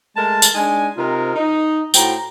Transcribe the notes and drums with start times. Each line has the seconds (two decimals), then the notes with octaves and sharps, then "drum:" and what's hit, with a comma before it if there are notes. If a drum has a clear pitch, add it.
0.17 G#3 A3 A#4 A5
0.42 drum: tambourine
0.55 G#3 D4 D#4 G#5
0.97 C3 C4 D#4 F4 A#4
1.36 D#4
1.94 A2 F#4 C5 G5 A#5, drum: tambourine